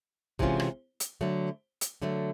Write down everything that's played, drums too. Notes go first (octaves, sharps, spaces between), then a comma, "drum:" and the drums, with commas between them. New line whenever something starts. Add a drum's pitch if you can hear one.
C3 E3 G#3 C#4 F4, drum: kick
drum: rim click
drum: hi-hat
D3 F#3 A3
drum: hi-hat
D3 F#3 A3